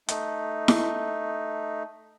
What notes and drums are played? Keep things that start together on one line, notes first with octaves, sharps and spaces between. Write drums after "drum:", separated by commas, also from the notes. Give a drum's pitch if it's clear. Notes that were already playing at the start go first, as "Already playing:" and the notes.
A3 D#4, drum: hi-hat
drum: snare E4